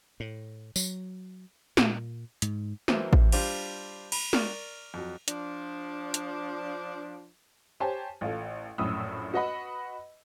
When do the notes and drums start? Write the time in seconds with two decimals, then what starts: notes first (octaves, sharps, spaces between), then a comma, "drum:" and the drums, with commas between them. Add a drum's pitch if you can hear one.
0.20 A2
0.76 F#3, drum: tambourine
1.77 A#2, drum: snare
2.42 G#2, drum: hi-hat
2.88 E3 F#3 A#3 E4 C5, drum: snare
3.13 drum: kick A1
3.32 G3 D4 F4 G4 C5 F5, drum: cymbal
4.12 B5, drum: cymbal
4.33 A#4 D5 C#6 F6, drum: snare
4.94 F2 F#3
5.28 F3 D4, drum: hi-hat
6.14 drum: hi-hat
7.80 G4 C5 C#5 G#5 A5
8.21 A1 F4 A4
8.78 A#1 F#2 A2 B5 D#6 E6
9.34 F#4 B4 D#5 F#5 B5